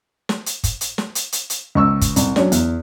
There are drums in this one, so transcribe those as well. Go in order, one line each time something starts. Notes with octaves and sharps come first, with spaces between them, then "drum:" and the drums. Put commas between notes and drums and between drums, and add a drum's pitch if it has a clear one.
drum: snare
drum: hi-hat
drum: kick F#1, hi-hat
drum: hi-hat
drum: snare
drum: hi-hat
drum: hi-hat
drum: hi-hat
C#2 C#6 E6
drum: kick F#1, hi-hat
C2, drum: hi-hat
F#3 C#4 D4, drum: snare
E2, drum: hi-hat